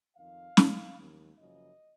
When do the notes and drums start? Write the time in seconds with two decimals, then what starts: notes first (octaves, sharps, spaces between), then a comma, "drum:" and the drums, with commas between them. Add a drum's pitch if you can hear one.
0.16 F2 D#3 F5
0.57 F2 D#3, drum: snare
0.97 D#2 D#3
1.37 F#1 F#2 C#3 F3 D#5